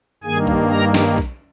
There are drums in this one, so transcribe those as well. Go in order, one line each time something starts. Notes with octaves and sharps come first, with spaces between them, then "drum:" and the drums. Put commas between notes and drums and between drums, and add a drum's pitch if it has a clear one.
G2 D#3 A#3 G#4 G#5
drum: kick A#1
A#4 A#5
drum: snare
drum: kick A#1